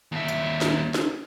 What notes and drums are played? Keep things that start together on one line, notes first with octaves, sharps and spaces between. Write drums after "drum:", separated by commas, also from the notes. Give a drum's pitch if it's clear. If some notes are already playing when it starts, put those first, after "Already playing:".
D#2 E5
drum: tambourine
drum: snare
drum: snare